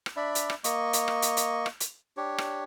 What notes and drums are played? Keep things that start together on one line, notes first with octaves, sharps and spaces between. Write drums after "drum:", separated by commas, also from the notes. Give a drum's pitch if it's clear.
drum: rim click
D4 D5 E5 B5
drum: hi-hat
drum: rim click
A#3 D#5 C#6, drum: hi-hat
drum: hi-hat
drum: rim click
drum: hi-hat
drum: hi-hat
drum: rim click
drum: hi-hat
D4 G4 C#5
drum: rim click